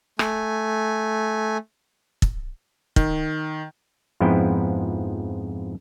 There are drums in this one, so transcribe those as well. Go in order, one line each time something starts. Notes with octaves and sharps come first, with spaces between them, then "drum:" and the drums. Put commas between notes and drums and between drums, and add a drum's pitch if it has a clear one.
A3 G#5, drum: rim click
drum: kick
D#3, drum: kick
F2 G#2 F3 B3 E4 G5